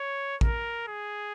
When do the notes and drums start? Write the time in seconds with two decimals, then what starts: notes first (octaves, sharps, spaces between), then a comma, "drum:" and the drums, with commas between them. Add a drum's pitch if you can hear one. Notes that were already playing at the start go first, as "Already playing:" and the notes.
Already playing: C#5
0.41 A#4, drum: kick
0.88 G#4